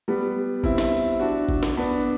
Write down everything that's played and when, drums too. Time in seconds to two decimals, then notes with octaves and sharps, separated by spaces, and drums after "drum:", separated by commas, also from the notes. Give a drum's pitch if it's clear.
0.08 G3 B3
0.64 C4 E4, drum: kick G1
0.78 drum: snare
1.20 D4 F#4
1.49 drum: kick G1
1.63 drum: snare
1.77 B3 D4